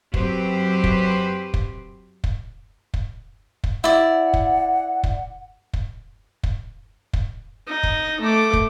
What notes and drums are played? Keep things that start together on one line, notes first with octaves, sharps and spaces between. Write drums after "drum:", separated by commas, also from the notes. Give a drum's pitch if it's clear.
F#2 F#3 C4 G4 B4 C5, drum: kick
drum: kick
drum: kick
drum: kick
drum: kick
drum: kick
E4 D5 F#5
drum: kick
drum: kick
drum: kick
drum: kick
drum: kick
D#4
drum: kick
A3 D6
drum: kick